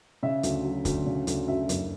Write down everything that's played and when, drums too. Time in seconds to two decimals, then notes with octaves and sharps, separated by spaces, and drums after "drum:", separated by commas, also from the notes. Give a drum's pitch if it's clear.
0.23 C#3 E5
0.43 D2, drum: hi-hat
0.64 F#3
0.85 D2, drum: kick, hi-hat
1.06 C#3
1.27 D2, drum: hi-hat
1.48 F#2 E5
1.69 F#1, drum: hi-hat